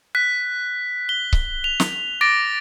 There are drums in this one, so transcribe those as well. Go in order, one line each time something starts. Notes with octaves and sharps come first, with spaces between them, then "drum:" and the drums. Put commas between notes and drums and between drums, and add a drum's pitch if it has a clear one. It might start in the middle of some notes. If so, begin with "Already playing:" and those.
F#6 B6
G7
drum: kick C#1
F7
drum: snare
D6 A6 A#6 D7